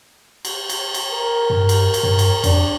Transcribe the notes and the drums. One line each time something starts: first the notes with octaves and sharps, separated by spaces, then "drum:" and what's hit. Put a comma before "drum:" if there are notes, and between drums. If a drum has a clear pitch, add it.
drum: cymbal
drum: cymbal
drum: cymbal
A#4
G2
drum: cymbal
drum: cymbal
G2
drum: cymbal
F2 D4, drum: cymbal